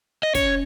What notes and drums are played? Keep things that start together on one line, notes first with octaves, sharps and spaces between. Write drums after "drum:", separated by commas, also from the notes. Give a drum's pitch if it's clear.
D#5
C#4 C#5, drum: kick, hi-hat